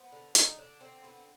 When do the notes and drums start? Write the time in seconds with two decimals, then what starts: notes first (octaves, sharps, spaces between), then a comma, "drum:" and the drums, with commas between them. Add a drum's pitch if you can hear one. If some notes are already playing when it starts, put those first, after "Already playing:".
Already playing: B3 C5
0.12 D3
0.35 D3 D#4, drum: hi-hat
0.58 D3 D4
0.80 D3 C4
1.03 B3 C4